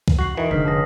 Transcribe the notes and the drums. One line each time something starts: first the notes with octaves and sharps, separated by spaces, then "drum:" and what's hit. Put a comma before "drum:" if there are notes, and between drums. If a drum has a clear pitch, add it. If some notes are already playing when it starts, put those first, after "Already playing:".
drum: kick
F#4 C7 F#7
D#3 E3
F1 G#2 D3 F6 B6
C#2 A5 D#6 A#6